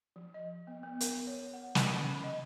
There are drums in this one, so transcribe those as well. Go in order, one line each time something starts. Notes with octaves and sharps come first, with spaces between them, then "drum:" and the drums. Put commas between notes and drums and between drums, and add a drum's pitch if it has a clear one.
F3
D#5
B3
B3
A#4, drum: hi-hat
C#5
F#5
D#3, drum: snare
C#4
D#5